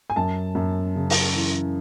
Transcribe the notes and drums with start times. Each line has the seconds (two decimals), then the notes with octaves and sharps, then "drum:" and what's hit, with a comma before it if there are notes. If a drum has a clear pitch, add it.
0.10 G#5
0.16 F#2 A5
0.55 F#2
0.96 C#3
1.10 drum: open hi-hat
1.35 E3